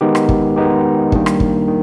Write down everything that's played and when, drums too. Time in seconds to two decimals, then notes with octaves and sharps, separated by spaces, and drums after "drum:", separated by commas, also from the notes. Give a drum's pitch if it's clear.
0.01 D#3 G#3 B3 D#4 G4
0.15 drum: rim click
0.29 drum: kick
0.56 D#3 G#3 B3 D#4 G4
1.12 D#3 G3 A#3 D4, drum: kick
1.26 drum: rim click
1.40 drum: kick
1.68 D#3